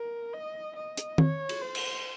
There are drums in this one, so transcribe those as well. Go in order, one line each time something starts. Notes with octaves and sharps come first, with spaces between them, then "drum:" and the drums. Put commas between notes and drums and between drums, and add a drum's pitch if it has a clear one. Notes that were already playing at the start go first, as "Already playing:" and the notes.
Already playing: A#4
D#5
D#5
drum: hi-hat
C#5, drum: tom D#3
drum: cymbal
C5
drum: cymbal